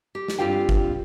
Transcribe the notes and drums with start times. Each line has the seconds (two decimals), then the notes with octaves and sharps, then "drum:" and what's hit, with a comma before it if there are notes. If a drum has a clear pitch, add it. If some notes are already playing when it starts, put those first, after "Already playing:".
0.15 G4
0.28 drum: snare
0.38 G2 C4 F4 G4 F5 G5
0.69 drum: kick G1